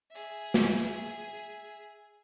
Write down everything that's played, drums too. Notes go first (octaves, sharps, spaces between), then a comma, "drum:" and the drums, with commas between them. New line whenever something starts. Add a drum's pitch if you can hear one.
G#4 E5
drum: snare